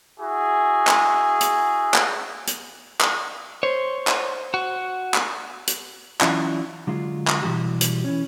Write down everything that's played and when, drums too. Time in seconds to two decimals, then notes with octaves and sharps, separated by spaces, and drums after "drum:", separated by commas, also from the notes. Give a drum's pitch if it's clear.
0.20 E4 F#4 G#4
0.87 drum: clap
1.41 drum: hi-hat
1.94 drum: clap
2.47 drum: hi-hat
3.01 drum: clap
3.63 C5 C#5
4.07 drum: clap
4.54 F#4
5.14 drum: clap
5.67 drum: hi-hat
6.21 E3 F#3 C#4 D4 E4 F4, drum: clap
6.87 D3 F#3 G#3 F4
7.27 drum: clap
7.42 B2 E3 G3 F#4 G4
7.81 drum: hi-hat
8.04 E3 C#4